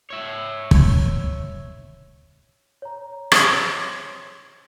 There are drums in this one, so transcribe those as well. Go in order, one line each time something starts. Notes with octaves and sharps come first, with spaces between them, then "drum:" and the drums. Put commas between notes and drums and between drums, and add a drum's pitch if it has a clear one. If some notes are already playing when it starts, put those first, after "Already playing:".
C#5 E5
drum: kick
C#5 A#5
C5 C#5 G#6 G7, drum: rim click